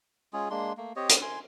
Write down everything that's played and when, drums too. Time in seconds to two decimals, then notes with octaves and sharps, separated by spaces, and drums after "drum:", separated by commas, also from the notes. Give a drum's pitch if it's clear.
0.33 G#3 C#4 F4 G#4
0.50 G#3 A#3 D4 C6
0.77 A3 A#3
0.96 C4 G4 C#5 D#5
1.09 drum: hi-hat
1.22 G#5 C6